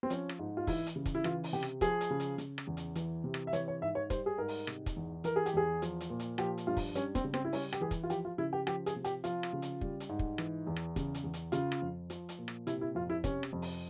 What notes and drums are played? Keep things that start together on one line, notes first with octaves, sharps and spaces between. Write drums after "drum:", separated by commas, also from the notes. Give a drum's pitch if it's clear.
C4
F3 C#4, drum: hi-hat
drum: rim click
G#2
F4
E3 E4, drum: kick, open hi-hat
drum: hi-hat
C#3
drum: kick, hi-hat
E4
E3 F4, drum: rim click
drum: open hi-hat
C3 G4
drum: rim click
F3 G#4, drum: kick, hi-hat
drum: hi-hat
C#3
drum: hi-hat
C#3, drum: hi-hat
drum: rim click
E2
drum: hi-hat
E3, drum: hi-hat
C3
drum: rim click
E5
E3 C#5, drum: hi-hat
C#5
G#2 E5
C#5
G3 C5, drum: kick, hi-hat
G#4
G#2 A#4
drum: open hi-hat
C3, drum: rim click
drum: kick, hi-hat
E2
E3 A#4, drum: hi-hat
G#4
G4, drum: hi-hat
E2 G#4
F3, drum: hi-hat
drum: hi-hat
A#2
drum: hi-hat
F3 G4, drum: rim click
drum: hi-hat
G2 F4
drum: kick, open hi-hat
G3 C#4, drum: hi-hat
C4, drum: kick, hi-hat
C#3
C4, drum: rim click
E4
G3 C#4, drum: open hi-hat
G4, drum: rim click
E3 G#4
drum: kick, hi-hat
F4
F3 G4, drum: hi-hat
F4
C#3 E4
G4
F3 G4, drum: rim click
G#4, drum: hi-hat
C3
G4, drum: hi-hat
F3 F4, drum: hi-hat
drum: rim click
C#3
drum: hi-hat
G3, drum: kick
drum: hi-hat
G#2
drum: kick
E3, drum: rim click
E2
drum: rim click
C#3, drum: kick, hi-hat
drum: hi-hat
E2
drum: hi-hat
C#3 F4, drum: hi-hat
drum: rim click
F2
F3, drum: hi-hat
drum: hi-hat
A#2
drum: rim click
C3 E4, drum: hi-hat
E4
F2 F4
E4
C3 C#4, drum: kick, hi-hat
drum: rim click
F2
drum: open hi-hat